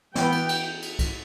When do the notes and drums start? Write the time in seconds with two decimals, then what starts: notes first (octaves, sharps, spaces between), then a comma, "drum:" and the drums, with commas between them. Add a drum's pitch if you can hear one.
0.15 E3 B3 G5, drum: snare
0.32 drum: cymbal
0.49 drum: cymbal
0.82 drum: cymbal
0.99 drum: kick C2, cymbal